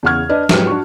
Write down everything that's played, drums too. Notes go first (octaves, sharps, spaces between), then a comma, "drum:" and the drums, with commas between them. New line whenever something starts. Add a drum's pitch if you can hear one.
E2 C#3 F#5 C#6 F6 G#6
D4 B4 D5 D#5
G#2 F3 F#3 G4 B4 F6, drum: snare
D4 F#4 C#6